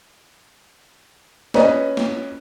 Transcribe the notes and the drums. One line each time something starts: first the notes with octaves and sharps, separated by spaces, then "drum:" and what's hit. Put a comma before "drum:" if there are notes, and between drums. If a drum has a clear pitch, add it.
C#4 B4 D#5, drum: snare
drum: snare